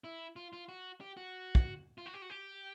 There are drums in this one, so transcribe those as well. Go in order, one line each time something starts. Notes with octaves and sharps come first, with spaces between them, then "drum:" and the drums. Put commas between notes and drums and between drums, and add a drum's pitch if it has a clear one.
E4
F4
F4
F#4
G4
F#4
drum: kick
F4
F#4
G4
F#4
G4